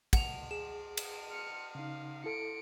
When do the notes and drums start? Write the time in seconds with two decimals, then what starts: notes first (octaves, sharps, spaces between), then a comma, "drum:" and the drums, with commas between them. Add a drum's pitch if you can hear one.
0.13 F#5 F7, drum: kick, cymbal
0.51 G#4 E7
0.97 drum: cymbal
1.31 F6 C#7
1.75 C#3 D#4 F5
2.24 E4 A4 C#7 D7